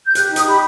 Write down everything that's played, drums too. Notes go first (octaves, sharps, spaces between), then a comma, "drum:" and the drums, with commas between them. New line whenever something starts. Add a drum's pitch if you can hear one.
G6
G4 F#6, drum: hi-hat
D#4
D#6, drum: hi-hat
G4 B5